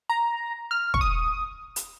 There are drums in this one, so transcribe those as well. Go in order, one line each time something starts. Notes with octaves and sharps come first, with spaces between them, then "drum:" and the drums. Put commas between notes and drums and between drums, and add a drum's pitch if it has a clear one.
A#5
F6
C#6, drum: kick
D#6
drum: hi-hat